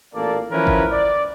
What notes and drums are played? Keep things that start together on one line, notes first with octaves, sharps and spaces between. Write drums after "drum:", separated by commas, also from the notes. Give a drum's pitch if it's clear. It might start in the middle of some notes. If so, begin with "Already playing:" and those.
A1 A#2 A#3 A4 D5
E3 F3 C#4 E4 A#4 B4
drum: kick
D5